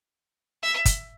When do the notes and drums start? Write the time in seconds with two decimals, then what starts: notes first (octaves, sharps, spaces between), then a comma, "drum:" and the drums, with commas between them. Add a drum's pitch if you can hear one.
0.63 E5
0.85 drum: kick, hi-hat